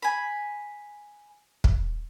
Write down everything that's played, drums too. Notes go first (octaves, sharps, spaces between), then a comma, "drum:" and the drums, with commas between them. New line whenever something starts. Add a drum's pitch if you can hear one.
G#5 B5
drum: kick